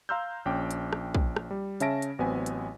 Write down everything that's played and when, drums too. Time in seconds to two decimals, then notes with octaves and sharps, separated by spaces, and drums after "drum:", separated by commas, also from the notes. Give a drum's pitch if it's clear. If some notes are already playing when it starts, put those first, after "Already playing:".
0.09 F5 A#5 C6 E6 F6 G6
0.45 A#1 C#4 G5 D6
0.71 drum: hi-hat
0.93 drum: rim click
1.15 drum: kick
1.36 drum: rim click
1.51 G3
1.80 C#3 C#4 E5 A5 A#6 D7, drum: hi-hat
2.02 drum: hi-hat
2.19 A1 F#3 B3 C4 G#5 B6
2.46 drum: hi-hat